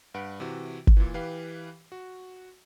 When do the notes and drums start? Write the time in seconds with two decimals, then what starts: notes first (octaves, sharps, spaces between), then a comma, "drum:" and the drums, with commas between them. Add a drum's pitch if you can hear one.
0.14 G2 B4 F#5 D7
0.40 C3 E3 F#4
0.87 drum: kick G1
0.97 A#2 E3
1.14 E3 G4 B4 F5 G5 C7
1.92 F#4